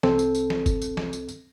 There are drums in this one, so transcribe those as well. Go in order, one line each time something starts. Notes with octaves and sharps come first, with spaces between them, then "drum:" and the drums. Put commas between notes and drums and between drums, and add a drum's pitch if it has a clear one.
C2 C4 A4, drum: snare
drum: tambourine
drum: tambourine
drum: snare
drum: kick, tambourine
drum: tambourine
drum: snare
drum: tambourine
drum: tambourine